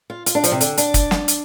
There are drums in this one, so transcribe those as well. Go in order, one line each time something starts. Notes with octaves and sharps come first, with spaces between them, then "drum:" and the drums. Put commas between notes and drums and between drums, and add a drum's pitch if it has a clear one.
F4
F4, drum: hi-hat
D4
F3, drum: hi-hat
C3
D3, drum: hi-hat
D4, drum: hi-hat
drum: kick, hi-hat
drum: snare
drum: hi-hat